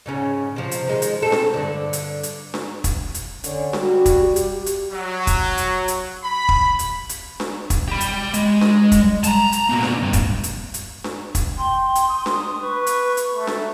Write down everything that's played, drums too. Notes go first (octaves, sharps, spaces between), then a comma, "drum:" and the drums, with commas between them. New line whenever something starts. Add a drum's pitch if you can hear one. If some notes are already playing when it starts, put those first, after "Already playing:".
G#2 C#3 C#4
C3 F3
drum: hi-hat
D#3 G#3
drum: hi-hat
C4 A4
drum: snare D4
G2 D3
drum: hi-hat
drum: hi-hat
drum: snare D4
drum: kick, hi-hat
drum: hi-hat
D3 C#4, drum: hi-hat
G3 F#4, drum: snare D4
drum: kick, hi-hat
G4
drum: hi-hat
drum: hi-hat
F#3
drum: kick, hi-hat
drum: hi-hat
drum: hi-hat
B5
drum: kick
drum: hi-hat
drum: hi-hat
drum: snare D4
drum: kick, hi-hat
G4 B5
drum: hi-hat
G#3, drum: hi-hat
drum: snare D4
drum: kick, hi-hat
A5 A#5, drum: hi-hat
drum: hi-hat
B2 A#3
drum: snare D4
G2
drum: kick, hi-hat
drum: hi-hat
drum: hi-hat
drum: snare D4
drum: kick, hi-hat
G5 C6
drum: hi-hat
D#6
drum: snare D4
B4 C#6
drum: hi-hat
drum: hi-hat
A3
drum: snare D4